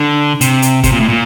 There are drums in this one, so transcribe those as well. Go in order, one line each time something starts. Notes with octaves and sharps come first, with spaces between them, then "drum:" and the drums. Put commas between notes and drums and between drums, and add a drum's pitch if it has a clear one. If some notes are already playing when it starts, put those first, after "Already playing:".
Already playing: D3
C3, drum: hi-hat
drum: hi-hat
C3, drum: kick, hi-hat
A#2
A2
A#2